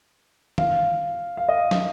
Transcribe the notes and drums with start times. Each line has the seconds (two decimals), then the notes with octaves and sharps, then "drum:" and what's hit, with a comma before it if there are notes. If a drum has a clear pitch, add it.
0.58 F5, drum: tom D#3
1.37 F5
1.48 D#5
1.71 drum: snare